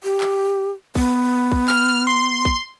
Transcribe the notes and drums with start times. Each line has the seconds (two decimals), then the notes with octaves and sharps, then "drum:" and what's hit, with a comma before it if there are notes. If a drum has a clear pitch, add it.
0.04 G4
0.21 drum: clap
0.95 B3, drum: kick
1.52 drum: kick
1.68 F6, drum: clap
2.07 C6
2.45 drum: kick